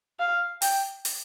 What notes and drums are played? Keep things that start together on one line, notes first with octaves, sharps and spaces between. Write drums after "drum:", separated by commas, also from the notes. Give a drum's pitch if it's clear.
F5
G5, drum: open hi-hat
drum: open hi-hat